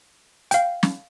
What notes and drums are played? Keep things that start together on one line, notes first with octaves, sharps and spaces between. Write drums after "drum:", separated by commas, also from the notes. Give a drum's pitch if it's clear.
F5 G5, drum: hi-hat
drum: snare